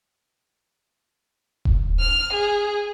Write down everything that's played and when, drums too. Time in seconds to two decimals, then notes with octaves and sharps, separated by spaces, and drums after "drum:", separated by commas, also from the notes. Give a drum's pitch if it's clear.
1.65 drum: kick D#1
2.00 F6
2.33 G#4